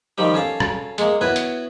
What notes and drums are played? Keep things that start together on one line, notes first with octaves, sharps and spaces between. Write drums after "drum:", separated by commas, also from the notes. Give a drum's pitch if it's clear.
D#3 F3 G3 G4
C#4 A4 F5
drum: rim click
G#3 A#3, drum: hi-hat
B3 E4 F#4 B4 C#5
drum: hi-hat